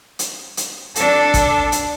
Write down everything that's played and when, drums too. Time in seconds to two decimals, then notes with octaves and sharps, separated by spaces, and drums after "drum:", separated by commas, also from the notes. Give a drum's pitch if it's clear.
0.19 drum: hi-hat
0.57 drum: hi-hat
0.95 D4 A4, drum: hi-hat
1.34 drum: kick G#1, hi-hat
1.72 drum: hi-hat